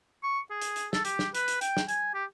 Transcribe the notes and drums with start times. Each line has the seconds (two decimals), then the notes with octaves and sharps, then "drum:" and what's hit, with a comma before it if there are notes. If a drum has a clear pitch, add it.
0.23 C#6
0.50 G#4
0.62 drum: hi-hat
0.76 drum: hi-hat
0.93 A4, drum: snare
1.05 G4, drum: hi-hat
1.19 drum: snare
1.35 B4, drum: hi-hat
1.48 drum: hi-hat
1.61 G5, drum: hi-hat
1.77 drum: snare
1.88 G#5, drum: hi-hat
2.14 G4